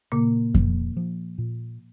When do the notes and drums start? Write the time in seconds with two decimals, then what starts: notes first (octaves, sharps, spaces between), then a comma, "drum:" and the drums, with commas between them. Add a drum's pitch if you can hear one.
0.12 A#2 C#3 A#3
0.54 F3, drum: kick F2
0.97 F3
1.38 A#2